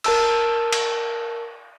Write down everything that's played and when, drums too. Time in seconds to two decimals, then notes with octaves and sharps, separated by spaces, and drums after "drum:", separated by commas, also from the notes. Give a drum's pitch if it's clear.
0.04 A#4 A5 E6, drum: cymbal
0.73 drum: cymbal